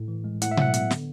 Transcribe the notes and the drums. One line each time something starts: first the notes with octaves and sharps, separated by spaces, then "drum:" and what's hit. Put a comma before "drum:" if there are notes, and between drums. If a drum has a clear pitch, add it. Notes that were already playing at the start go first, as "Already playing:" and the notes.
Already playing: A2
E3
G#3
A2 F#5, drum: hi-hat
E5
F#3 F#5, drum: tom B2
B3, drum: hi-hat
D3, drum: snare